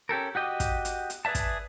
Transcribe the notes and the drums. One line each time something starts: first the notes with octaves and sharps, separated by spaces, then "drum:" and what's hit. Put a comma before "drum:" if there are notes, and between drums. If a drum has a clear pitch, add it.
C#4 G4 A4 A#4
F#4 G4 D#5 G5 D6
drum: kick, hi-hat
drum: hi-hat
drum: hi-hat
G#4 B4 D5 E5 A5
drum: kick, hi-hat